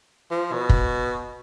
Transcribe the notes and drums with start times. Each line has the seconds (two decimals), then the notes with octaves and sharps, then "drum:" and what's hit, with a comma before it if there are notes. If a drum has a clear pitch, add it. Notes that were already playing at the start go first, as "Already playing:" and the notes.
0.31 F3
0.53 B2
0.69 drum: kick